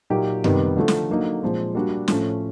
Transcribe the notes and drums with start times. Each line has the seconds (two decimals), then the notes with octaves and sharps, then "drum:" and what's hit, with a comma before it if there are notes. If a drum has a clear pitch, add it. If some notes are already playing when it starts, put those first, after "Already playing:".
0.10 A#2 F#3 A#3 D#4 G4
0.44 C3 D#3 G3 B3 D#4, drum: tom F#2
0.77 D3 F3 A3
0.88 drum: snare
1.10 D3 F#3 A#3 D#4
1.43 A#2 F3 G#3 C4 F4
1.75 G3 A#3 D4 F#4
2.08 A2 F3 A3 C#4, drum: snare